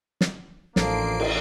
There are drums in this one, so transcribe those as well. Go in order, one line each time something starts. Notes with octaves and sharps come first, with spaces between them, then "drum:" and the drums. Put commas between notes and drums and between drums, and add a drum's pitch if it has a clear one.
drum: snare
A1 F3 A#3 D4 A4 C7 D7, drum: snare
drum: cymbal